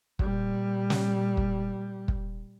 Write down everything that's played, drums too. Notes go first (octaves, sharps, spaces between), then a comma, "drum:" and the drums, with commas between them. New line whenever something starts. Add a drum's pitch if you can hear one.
A#2 G3, drum: kick
drum: snare
drum: kick
drum: kick